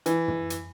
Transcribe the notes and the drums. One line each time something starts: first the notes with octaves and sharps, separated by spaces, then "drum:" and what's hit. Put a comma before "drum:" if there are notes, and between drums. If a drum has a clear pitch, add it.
E3, drum: hi-hat
drum: tom
drum: hi-hat